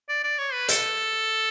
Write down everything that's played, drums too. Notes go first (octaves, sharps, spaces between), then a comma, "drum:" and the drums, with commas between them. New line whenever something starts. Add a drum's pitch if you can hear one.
D5
D5
C#5
B4
A4, drum: hi-hat